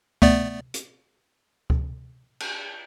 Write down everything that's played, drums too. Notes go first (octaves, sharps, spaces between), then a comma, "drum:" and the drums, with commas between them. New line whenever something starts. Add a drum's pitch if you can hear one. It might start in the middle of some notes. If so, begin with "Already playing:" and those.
A3 B3 D5, drum: kick C#2
drum: hi-hat
drum: kick C#2
drum: cymbal